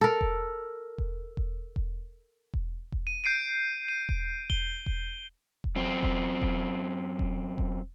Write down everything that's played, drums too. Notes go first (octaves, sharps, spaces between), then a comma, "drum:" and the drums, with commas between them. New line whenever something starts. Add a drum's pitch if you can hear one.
A4 A#4
drum: kick E1
drum: kick E1
drum: kick E1
drum: kick E1
drum: kick E1
drum: kick E1
D#7
G6 C7 D7 D#7
D#7
drum: kick E1
G7, drum: kick E1
drum: kick E1
drum: kick E1
F#2 C4
drum: kick E1
drum: kick E1
drum: kick E1
drum: kick E1